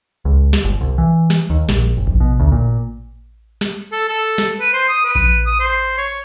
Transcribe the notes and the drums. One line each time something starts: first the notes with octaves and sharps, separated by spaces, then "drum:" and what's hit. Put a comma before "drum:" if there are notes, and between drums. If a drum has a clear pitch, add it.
C#2
drum: snare
G1
C2
E3
drum: snare
D#2
A#1, drum: snare
F#1
drum: kick A#1
B2
D2
A#2
drum: snare
A4
A4
drum: snare
B4
C5
D#6
B4
drum: kick A#1
D#6
C5
C#5